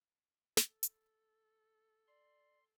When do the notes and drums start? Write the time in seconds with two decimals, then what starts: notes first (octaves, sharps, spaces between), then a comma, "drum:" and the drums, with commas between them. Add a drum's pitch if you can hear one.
0.57 A4, drum: snare
0.83 drum: hi-hat
2.08 D5 C6